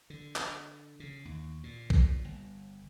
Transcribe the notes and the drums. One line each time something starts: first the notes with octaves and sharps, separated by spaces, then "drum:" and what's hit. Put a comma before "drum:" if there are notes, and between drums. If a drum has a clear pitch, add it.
D3
drum: clap
C#3
D#2
A#2
drum: kick
G1